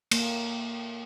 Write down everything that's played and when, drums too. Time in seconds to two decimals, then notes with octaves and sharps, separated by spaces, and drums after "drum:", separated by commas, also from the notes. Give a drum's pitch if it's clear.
0.11 A#3, drum: cymbal